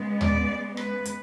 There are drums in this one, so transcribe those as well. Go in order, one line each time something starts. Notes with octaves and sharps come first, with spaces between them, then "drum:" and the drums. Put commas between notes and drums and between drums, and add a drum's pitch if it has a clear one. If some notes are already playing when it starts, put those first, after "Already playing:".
Already playing: C#3 G#3 B3
D5, drum: tom D#2
B4, drum: rim click
drum: hi-hat